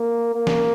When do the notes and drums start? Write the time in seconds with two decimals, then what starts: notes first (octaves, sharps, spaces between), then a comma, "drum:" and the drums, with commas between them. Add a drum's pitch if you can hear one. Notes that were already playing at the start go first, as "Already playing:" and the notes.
Already playing: A#3
0.34 A#3
0.47 drum: snare